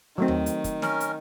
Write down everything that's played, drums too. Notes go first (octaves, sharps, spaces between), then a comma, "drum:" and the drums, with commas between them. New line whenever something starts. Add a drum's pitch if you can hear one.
D#3 F#3 A3 C4
drum: tom D#2
drum: hi-hat
drum: kick, hi-hat
C#4 A#4, drum: snare
drum: hi-hat